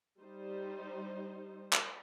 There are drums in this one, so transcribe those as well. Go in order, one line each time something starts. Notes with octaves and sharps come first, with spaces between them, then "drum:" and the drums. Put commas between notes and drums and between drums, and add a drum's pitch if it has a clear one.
G3 D#4 C5
drum: clap